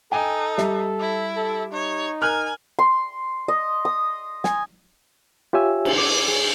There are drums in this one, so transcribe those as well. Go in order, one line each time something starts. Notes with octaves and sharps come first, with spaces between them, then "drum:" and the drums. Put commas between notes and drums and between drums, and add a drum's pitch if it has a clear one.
D#4 A4 G5 G#5
G3 E5, drum: snare
E4
A4
D#4 C#5
A#4 G#5 F6 F#6
C6
D#5
D#6
G#5, drum: snare
F4 G4 C#5 E5 G#5 E6
drum: cymbal
D6
G#4